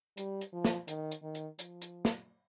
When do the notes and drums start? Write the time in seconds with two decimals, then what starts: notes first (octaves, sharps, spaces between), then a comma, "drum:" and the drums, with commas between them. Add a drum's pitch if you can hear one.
0.17 G3, drum: hi-hat
0.41 drum: hi-hat
0.53 F3
0.65 drum: snare
0.88 D#3, drum: hi-hat
1.11 drum: hi-hat
1.23 D#3
1.35 drum: hi-hat
1.59 F3, drum: hi-hat
1.81 drum: hi-hat
2.05 drum: snare